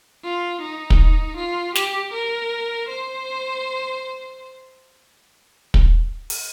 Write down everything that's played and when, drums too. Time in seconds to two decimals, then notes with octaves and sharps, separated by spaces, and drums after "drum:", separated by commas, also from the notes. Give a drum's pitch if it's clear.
0.24 F4
0.61 D#4
0.90 drum: kick
1.37 F4
1.75 G4, drum: snare
2.13 A#4
2.89 C5
5.74 drum: kick
6.30 drum: open hi-hat